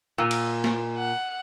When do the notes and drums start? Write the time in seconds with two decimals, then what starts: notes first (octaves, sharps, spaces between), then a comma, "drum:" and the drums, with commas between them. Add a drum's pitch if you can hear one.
0.18 A#2 E6 D#7 F7
0.31 drum: cymbal
0.64 C6, drum: snare
0.97 F#5